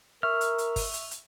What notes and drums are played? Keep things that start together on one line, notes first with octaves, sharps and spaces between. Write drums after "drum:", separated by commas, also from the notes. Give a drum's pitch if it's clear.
A#4 E5 C#6 E6 F6
drum: hi-hat
drum: hi-hat
drum: kick G1, open hi-hat
drum: hi-hat
drum: hi-hat